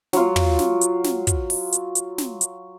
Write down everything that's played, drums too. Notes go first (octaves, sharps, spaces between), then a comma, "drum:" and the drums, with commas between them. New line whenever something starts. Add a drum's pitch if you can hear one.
F#3 F4, drum: snare
drum: tom
drum: snare
drum: hi-hat
drum: snare
drum: kick, hi-hat
drum: open hi-hat
drum: hi-hat
drum: hi-hat
drum: snare
drum: hi-hat